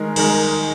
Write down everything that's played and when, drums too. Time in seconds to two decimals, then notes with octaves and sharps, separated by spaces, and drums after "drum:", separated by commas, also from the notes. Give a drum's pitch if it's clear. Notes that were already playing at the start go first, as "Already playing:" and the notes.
Already playing: D#3 G#3 D#4 A#4
0.16 D#3 G#3 D#4 A#4, drum: cymbal